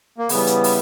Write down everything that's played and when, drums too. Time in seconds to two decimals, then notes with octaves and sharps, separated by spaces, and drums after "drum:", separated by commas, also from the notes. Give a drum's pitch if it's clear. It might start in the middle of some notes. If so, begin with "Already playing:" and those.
0.18 A#3
0.29 C#3 E3 G3 B3, drum: open hi-hat
0.47 drum: hi-hat
0.64 drum: open hi-hat